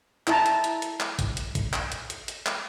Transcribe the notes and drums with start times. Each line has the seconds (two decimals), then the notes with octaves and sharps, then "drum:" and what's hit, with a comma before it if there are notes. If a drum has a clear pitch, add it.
0.27 E4 E5 A5 A#5, drum: clap
0.46 drum: hi-hat
0.64 drum: hi-hat
0.82 drum: hi-hat
1.00 drum: clap
1.19 drum: kick G#1, hi-hat
1.37 drum: hi-hat
1.55 drum: kick G#1, hi-hat
1.73 drum: clap
1.92 drum: hi-hat
2.10 drum: hi-hat
2.28 drum: hi-hat
2.46 drum: clap